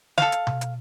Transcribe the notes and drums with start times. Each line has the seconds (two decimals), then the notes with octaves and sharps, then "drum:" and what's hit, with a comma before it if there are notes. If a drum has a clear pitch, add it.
0.18 A4 F5, drum: snare
0.32 drum: hi-hat
0.47 drum: tom B2
0.61 drum: hi-hat